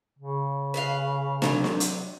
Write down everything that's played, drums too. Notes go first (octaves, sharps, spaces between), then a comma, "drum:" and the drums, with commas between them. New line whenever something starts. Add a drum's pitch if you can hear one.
C#3
B4 D5 F5
C3 E3 F#3, drum: snare
drum: snare
drum: hi-hat